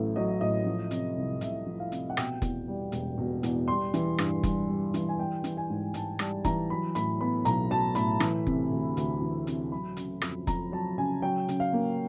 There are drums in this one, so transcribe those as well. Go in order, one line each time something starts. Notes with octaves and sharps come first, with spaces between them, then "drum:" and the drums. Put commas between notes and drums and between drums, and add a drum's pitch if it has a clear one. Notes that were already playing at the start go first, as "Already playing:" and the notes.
Already playing: A1 A2 F#3 A3
F#3 D#5
A2 D#5
F3
C3, drum: hi-hat
C2
C2 E5, drum: hi-hat
F3
F5
C3, drum: hi-hat
F#5
B2 G5, drum: rim click
E2, drum: kick F1, hi-hat
G3
E1, drum: hi-hat
B2
E2, drum: hi-hat
G3 C6
E3, drum: hi-hat
G2, drum: rim click
G2, drum: kick F1, hi-hat
G3
E3, drum: hi-hat
G#5
G3 G5
E3, drum: hi-hat
G#5
G#2
G#2 A5, drum: hi-hat
G3 A5, drum: rim click
E3 A#5, drum: kick F1, hi-hat
F#3 B5
A2 B5, drum: hi-hat
B3 B5
B1 A#5, drum: hi-hat
F#3 A5
A2 B5, drum: hi-hat
E3, drum: rim click
C3, drum: kick F1
D2
D2, drum: hi-hat
E3
C3, drum: hi-hat
F#3 B5
C#3, drum: hi-hat
F2, drum: rim click
F2 A#5, drum: kick F1, hi-hat
F#3 A5
C#3 G#5
F#3 G5
C#3, drum: hi-hat
F5
A#3